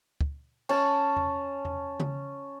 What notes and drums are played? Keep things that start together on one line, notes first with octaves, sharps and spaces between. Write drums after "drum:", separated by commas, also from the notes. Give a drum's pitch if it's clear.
drum: kick
C#4 A5, drum: cymbal
drum: tom E2
drum: tom E2
drum: tom C#3